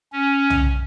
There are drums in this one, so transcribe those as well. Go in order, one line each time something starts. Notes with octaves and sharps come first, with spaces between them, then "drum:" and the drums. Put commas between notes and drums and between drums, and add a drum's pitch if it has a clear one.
C#4
drum: tom